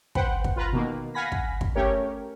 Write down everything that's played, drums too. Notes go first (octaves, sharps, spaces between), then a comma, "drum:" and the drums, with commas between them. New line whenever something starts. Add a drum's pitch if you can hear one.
B4 C5 F#5 G5, drum: kick
drum: kick
F4 B4 A#5
B2 D#3 A#3
F5 F#5 G#5 B5 A#6 B6
drum: kick
drum: kick
A3 C#4 G4 A#4 C#5